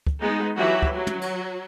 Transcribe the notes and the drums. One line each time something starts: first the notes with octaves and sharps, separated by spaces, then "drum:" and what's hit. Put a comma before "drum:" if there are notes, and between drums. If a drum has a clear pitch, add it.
drum: kick
G#3 B3 D#4
E3 F#3 F#4 G4 E5
drum: kick
F#3
drum: tom
drum: cymbal